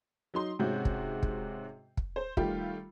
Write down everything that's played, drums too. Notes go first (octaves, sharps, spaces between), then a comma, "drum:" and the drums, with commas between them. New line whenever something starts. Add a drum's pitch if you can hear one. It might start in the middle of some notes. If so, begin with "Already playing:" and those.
F#3 D#4 C6
G#2 C3 G#3 C#4 F#4 G6
drum: kick
drum: kick
drum: kick
C5
D#3 G3 A3 F4 G4, drum: kick